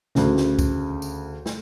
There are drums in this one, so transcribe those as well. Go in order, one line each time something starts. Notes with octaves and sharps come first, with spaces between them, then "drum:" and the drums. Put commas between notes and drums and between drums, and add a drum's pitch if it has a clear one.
D2 C#3, drum: snare
drum: snare
drum: kick, tambourine
drum: tambourine
drum: snare